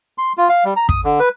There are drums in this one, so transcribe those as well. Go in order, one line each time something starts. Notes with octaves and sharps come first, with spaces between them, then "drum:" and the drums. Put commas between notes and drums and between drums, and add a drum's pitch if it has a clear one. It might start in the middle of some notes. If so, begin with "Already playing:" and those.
C6
F4
F5
G3
A#5
D#6, drum: kick
D3
B4